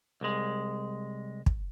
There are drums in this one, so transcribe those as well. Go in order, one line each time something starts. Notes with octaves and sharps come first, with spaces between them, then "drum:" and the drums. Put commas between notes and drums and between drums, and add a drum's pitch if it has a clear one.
C2 G#3
drum: kick